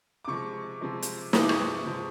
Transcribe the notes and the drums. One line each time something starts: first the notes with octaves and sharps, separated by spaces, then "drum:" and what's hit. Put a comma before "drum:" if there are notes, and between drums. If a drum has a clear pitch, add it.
D6
C3 F3 G#3 C#6
C3 F3 G#3
drum: hi-hat
C3 F3 G#3 D#6, drum: snare
D6
C#6, drum: rim click
D6
C3 F3 G#3